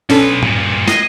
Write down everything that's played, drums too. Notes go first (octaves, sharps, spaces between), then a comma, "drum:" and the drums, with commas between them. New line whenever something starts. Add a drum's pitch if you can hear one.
B1 C#4 D4 A4 B4, drum: open hi-hat
G2 A#2, drum: tom A2
D#5 G#6 A#6 C7, drum: snare